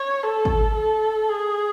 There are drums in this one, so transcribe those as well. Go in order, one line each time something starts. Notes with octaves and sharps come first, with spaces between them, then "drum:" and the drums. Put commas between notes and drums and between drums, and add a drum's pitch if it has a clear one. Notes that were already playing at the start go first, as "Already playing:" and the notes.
Already playing: C#5
A4
drum: kick
A4
G#4